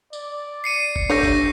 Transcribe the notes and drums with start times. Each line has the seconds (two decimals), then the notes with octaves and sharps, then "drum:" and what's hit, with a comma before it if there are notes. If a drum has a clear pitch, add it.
0.13 D5, drum: tambourine
0.64 C7 C#7 D#7
0.96 drum: kick F#1
1.10 A3 D4 G4 C#5 C#6 G6 A#6
1.23 drum: kick F#1, tambourine